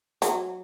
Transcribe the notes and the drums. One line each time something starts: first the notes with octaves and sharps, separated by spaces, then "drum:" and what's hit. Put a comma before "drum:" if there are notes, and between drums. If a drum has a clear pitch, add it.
F#3, drum: hi-hat